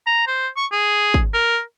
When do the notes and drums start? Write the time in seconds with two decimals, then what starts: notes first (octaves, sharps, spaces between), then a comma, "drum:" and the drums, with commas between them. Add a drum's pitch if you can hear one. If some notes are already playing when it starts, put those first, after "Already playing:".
0.07 A#5
0.27 C5
0.57 C#6
0.72 G#4
1.14 drum: kick
1.33 A#4